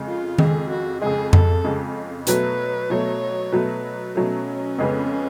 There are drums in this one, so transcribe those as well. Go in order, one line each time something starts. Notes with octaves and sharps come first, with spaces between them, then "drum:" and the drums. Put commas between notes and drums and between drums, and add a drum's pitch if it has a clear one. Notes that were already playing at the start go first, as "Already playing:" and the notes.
Already playing: F2 C#3 G#3
F4
F2 C#3 G#3 G#4, drum: tom D#3
F#4
F2 C#3 G#3 G#4
A4, drum: tom F2
F2 C#3 G#3
B2 F#3 A3 B4, drum: hi-hat
B2 F#3 A3 C#5
B2 F#3 A3 B4
B2 F#3 A3 C#4
F2 C#3 G#3 B3